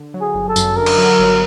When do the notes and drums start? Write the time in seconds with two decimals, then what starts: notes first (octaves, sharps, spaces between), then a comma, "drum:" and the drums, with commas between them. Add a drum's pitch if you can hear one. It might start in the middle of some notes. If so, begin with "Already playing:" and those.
Already playing: D3
0.14 F#3
0.21 G#4
0.34 G1
0.48 A4
0.56 F#2, drum: tambourine
0.76 D3 A#4
0.86 drum: cymbal
0.98 F#3
1.19 G1